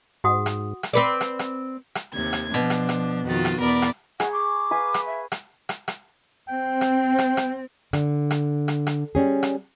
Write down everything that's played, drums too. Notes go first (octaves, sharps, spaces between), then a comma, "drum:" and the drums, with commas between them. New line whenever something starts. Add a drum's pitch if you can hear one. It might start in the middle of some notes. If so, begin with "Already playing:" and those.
G#2 F#4 F#5 D#6
drum: rim click
drum: rim click
C4 B4 D5
drum: rim click
drum: rim click
drum: rim click
D#2 C3 G#6
drum: rim click
B2 F3 D4
drum: rim click
drum: rim click
F2 D#3 F4 F#4 A6
drum: rim click
E2 B3 A#4 D5 B5
drum: rim click
G#4 F#5 B5 C#6, drum: rim click
D6
B4 F5 G#5
drum: rim click
E5
drum: rim click
drum: rim click
drum: rim click
C4 G5
drum: rim click
drum: rim click
drum: rim click
D3, drum: rim click
drum: rim click
drum: rim click
drum: rim click
G3 C#4 G#4
drum: rim click